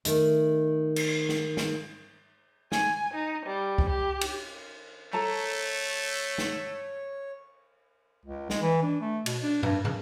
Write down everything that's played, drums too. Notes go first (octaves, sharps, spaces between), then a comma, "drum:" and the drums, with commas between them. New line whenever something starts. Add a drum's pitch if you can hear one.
D#3 A3, drum: hi-hat
drum: cymbal
drum: snare
drum: snare
G#5, drum: snare
D#4
G3
drum: kick C2
G4
drum: cymbal
A3 A4 C#5 A5 A#5
drum: snare
C#2
G#3, drum: snare
E3
D4
A3
B2, drum: cymbal
D4
G2, drum: tom
C#3, drum: tom